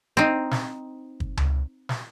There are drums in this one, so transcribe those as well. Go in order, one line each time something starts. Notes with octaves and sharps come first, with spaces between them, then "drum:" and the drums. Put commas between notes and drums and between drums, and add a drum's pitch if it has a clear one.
C4 D#4
drum: snare
drum: kick
drum: tom C#2
drum: snare